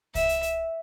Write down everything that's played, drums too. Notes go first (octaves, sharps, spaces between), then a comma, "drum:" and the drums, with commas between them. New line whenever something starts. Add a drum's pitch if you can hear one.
E5, drum: kick C2, hi-hat
drum: hi-hat
drum: hi-hat